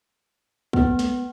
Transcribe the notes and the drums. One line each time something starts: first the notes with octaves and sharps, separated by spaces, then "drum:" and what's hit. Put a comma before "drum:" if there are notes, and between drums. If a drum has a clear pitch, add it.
B3, drum: kick
drum: snare